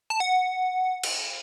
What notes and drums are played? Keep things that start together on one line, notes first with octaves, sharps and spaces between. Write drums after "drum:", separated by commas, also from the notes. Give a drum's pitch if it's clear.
A5
F#5
drum: cymbal